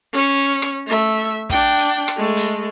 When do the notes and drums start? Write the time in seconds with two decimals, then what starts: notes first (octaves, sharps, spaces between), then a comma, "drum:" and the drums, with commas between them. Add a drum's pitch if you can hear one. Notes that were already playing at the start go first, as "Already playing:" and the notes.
0.13 C#4
0.62 drum: rim click
0.87 A3 E5
1.50 D4 G5, drum: kick, hi-hat
1.79 drum: hi-hat
2.08 drum: rim click
2.17 G#3 A3
2.37 drum: hi-hat